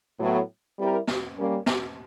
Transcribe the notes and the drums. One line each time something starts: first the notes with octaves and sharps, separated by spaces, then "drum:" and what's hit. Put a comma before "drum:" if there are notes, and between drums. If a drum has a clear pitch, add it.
A2 F#3 B3
G3 C4 E4 G4 A#4
drum: snare
G3 A#3 C#4
drum: snare